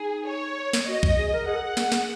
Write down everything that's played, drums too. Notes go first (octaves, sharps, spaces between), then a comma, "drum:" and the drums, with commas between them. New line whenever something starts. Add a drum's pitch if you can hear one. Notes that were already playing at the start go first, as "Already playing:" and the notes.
Already playing: D#4 G#4
C#5
drum: snare
F#4 D#5
drum: kick A#1
G#4
A#4
G#4 F#5
A#4
G#4
drum: snare
drum: snare